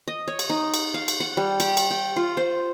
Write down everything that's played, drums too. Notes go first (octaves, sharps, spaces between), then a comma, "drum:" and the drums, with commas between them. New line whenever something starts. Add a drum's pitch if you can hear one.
D#5
C#5
drum: cymbal
D#4
drum: cymbal
F5
drum: cymbal
F#5
G3
G4, drum: cymbal
drum: cymbal
G5
F4
C5